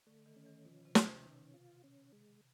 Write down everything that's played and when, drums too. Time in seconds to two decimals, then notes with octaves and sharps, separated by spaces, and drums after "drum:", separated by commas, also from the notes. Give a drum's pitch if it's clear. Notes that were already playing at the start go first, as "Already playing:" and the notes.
0.07 D3 A3
0.26 D#3
0.36 C#4
0.46 D#3
0.65 B2 F3
0.85 C3
0.95 C#4, drum: snare
1.05 C3
1.24 B2 D#3
1.54 F4
1.84 C#4
2.13 G#3